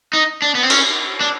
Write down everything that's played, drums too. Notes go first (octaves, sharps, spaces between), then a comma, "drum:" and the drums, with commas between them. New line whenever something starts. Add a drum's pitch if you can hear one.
D#4
D4
B3
C4
C#4, drum: cymbal
D4